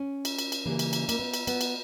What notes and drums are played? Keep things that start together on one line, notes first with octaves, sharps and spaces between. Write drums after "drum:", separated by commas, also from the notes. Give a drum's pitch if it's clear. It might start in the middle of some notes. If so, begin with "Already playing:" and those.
Already playing: C#4
drum: cymbal
drum: cymbal
drum: cymbal
C#3 E3 G3 A#3
drum: cymbal
drum: cymbal
A#3, drum: cymbal
B3
drum: cymbal
B3, drum: cymbal
drum: cymbal